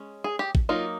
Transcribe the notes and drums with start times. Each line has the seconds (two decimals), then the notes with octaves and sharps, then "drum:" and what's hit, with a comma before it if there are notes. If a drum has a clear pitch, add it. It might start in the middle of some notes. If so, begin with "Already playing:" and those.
Already playing: G#3 C#4
0.24 G#4
0.39 G4
0.55 drum: kick A1
0.69 F#3 A#3 D#4 F4